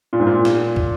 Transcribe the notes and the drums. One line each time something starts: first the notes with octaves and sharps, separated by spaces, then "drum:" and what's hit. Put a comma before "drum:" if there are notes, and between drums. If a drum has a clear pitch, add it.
A#2
G#2
A#2
drum: snare
drum: kick